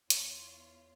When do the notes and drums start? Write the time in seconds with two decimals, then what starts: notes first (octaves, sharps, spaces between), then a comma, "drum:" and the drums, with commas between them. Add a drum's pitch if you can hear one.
0.10 E2 F4 C#5, drum: hi-hat